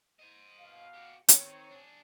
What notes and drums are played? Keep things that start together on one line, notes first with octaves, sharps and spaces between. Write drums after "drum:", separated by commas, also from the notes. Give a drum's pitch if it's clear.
C5 D#5
B2 F5
F#4 G4
D#3 C4 C#5, drum: hi-hat
D4 G#4